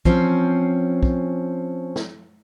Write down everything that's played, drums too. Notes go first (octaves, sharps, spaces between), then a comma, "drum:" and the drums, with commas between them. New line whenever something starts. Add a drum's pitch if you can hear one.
F3 C4 C#4, drum: kick
drum: kick
drum: snare